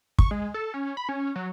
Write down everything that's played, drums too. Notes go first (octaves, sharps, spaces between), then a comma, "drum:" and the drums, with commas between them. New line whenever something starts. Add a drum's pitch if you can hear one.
C#6, drum: kick
G#3
A4
C#4
B5
C#4
F#3